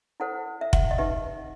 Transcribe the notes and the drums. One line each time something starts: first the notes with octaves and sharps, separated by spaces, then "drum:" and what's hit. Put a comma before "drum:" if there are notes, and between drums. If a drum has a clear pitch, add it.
E4 A4 C5 F#5
E5
F#5, drum: kick F1
D#5
D#4 G4 B4 E5